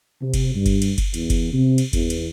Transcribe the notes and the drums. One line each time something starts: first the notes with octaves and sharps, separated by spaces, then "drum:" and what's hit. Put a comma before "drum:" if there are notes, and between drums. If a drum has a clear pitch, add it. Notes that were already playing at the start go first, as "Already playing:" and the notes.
C3
drum: kick F#1, cymbal
G2
drum: kick F#1, cymbal
drum: cymbal
drum: kick F#1, cymbal
E2, drum: cymbal
drum: kick F#1, cymbal
C3
drum: cymbal
E2, drum: kick F#1, cymbal
drum: cymbal